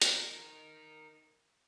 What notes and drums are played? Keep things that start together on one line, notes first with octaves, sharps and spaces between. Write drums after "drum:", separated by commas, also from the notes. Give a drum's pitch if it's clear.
D#4 A#4, drum: hi-hat